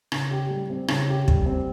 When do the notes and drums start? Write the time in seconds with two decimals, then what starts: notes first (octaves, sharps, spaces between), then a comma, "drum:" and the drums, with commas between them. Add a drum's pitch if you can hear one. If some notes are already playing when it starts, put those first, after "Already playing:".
0.12 C#3, drum: rim click
0.31 G4
0.50 G3
0.70 C4
0.88 C#3, drum: rim click
1.09 G4
1.28 G3, drum: kick
1.46 C4